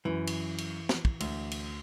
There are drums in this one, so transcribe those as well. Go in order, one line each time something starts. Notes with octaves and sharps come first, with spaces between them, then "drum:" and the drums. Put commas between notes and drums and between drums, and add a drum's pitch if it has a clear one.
F#2 E3
drum: cymbal
drum: cymbal
drum: snare
drum: kick
D2, drum: cymbal
drum: cymbal